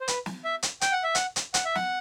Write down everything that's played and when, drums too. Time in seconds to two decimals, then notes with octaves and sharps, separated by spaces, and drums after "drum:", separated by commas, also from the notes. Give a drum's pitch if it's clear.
0.01 C5
0.08 B4, drum: hi-hat
0.26 drum: snare
0.44 E5
0.63 drum: hi-hat
0.81 G5, drum: hi-hat
0.92 F#5
1.03 E5
1.15 F#5, drum: hi-hat
1.36 drum: hi-hat
1.54 F#5, drum: hi-hat
1.65 E5
1.75 F#5, drum: snare